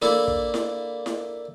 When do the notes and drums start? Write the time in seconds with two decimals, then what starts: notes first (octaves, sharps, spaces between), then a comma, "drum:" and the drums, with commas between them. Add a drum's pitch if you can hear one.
0.02 A#3 D4 E4 A4, drum: snare E4
0.28 drum: kick
0.54 drum: snare E4
1.06 drum: snare E4